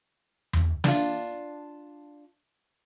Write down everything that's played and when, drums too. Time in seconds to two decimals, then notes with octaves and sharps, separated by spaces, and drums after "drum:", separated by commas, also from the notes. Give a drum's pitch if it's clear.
0.53 drum: tom E2
0.84 D4 F4, drum: snare